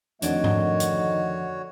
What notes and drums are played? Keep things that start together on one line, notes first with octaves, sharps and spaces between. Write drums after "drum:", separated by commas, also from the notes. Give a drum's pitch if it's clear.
F2 D3 D#3 A3 D4 F#4 C#5 D#5, drum: hi-hat
drum: tom G#2
drum: hi-hat